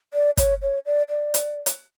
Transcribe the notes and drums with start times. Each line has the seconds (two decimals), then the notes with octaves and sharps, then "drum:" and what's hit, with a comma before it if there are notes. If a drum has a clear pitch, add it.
0.14 D5
0.37 C#5, drum: kick, hi-hat
0.62 C#5
0.86 D5
1.09 D5
1.34 drum: hi-hat
1.66 drum: hi-hat